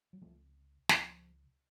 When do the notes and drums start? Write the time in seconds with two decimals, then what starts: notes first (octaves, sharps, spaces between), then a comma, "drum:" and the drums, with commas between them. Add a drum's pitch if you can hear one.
0.13 F#3
0.21 C#2 C3 F3 A3
0.89 C#2 C3 F3, drum: snare